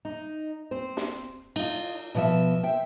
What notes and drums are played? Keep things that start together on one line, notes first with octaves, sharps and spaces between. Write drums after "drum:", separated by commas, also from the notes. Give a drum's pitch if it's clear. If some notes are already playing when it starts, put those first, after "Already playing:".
D#4
C4 C5
drum: snare
D#4 F4, drum: cymbal
B2 F3 E5
C5 E5 G5